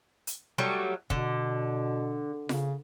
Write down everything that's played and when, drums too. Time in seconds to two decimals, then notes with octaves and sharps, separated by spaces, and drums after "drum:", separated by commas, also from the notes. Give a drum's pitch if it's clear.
0.27 drum: hi-hat
0.58 F#3 G3 A3
1.10 B2 D3, drum: kick
2.49 C#3, drum: snare F4